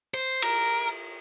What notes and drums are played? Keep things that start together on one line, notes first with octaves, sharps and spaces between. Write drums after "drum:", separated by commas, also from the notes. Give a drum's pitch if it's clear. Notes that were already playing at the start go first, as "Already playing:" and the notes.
C5
A#4, drum: cymbal